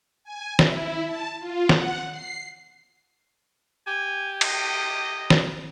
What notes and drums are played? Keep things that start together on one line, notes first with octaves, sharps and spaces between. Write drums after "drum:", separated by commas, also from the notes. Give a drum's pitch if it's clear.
G#5
E4, drum: snare
A5
F4
F#5, drum: snare
C7
G4 G#5
D#5, drum: cymbal
drum: snare